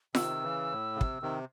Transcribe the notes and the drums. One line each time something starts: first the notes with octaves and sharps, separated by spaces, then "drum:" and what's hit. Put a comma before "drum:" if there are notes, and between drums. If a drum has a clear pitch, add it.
C3 D#3 E6, drum: snare F4
C#3 E3
A2
C#3
C3, drum: kick
C3 D#3